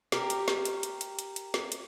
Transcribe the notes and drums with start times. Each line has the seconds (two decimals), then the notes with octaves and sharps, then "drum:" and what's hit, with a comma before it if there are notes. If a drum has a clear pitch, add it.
0.12 G4 A#4, drum: snare
0.30 drum: hi-hat
0.48 drum: snare
0.65 drum: hi-hat
0.83 drum: hi-hat
1.01 drum: hi-hat
1.19 drum: hi-hat
1.36 drum: hi-hat
1.54 drum: snare
1.72 drum: hi-hat